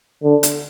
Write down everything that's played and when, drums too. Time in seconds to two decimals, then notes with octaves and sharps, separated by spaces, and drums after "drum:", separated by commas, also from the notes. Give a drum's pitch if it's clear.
0.23 D3
0.43 drum: hi-hat